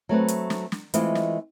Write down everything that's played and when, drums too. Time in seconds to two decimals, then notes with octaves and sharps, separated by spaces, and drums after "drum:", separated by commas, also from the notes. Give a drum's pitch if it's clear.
0.09 F#3 A3 C4 B4
0.28 drum: hi-hat
0.50 drum: snare
0.72 drum: snare
0.94 E3 G#3 A3 C4 F4 D#5, drum: hi-hat
1.15 drum: snare